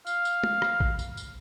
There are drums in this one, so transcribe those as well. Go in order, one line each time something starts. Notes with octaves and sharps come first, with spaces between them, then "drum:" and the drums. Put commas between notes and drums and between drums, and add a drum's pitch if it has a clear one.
F5, drum: tambourine
drum: tambourine
drum: tom
drum: rim click
drum: kick A1
drum: tambourine
drum: tambourine